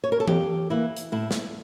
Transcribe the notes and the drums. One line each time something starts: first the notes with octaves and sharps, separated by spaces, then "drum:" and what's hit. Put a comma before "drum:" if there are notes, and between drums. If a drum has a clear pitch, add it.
C#5
A#4
A4
F2 G4, drum: tom E3
E3 A#3 E4
drum: hi-hat
A2 E4
drum: snare